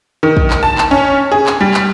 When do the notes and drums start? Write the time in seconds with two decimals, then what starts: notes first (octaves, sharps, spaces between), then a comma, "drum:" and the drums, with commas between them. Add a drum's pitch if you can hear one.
0.23 D#3
0.37 drum: kick
0.50 drum: clap
0.63 A5
0.78 drum: clap
0.91 C#4
1.32 G#4
1.46 drum: clap
1.61 G3
1.74 drum: clap